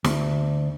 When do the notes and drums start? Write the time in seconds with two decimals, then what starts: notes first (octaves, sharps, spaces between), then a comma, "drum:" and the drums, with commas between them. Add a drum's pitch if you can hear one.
0.04 D2, drum: snare